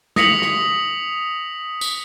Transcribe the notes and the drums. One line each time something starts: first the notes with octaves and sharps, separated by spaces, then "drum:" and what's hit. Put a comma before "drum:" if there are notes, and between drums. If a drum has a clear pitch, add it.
D#6 A#6 B6 C#7 F7 F#7, drum: snare
drum: rim click
drum: tambourine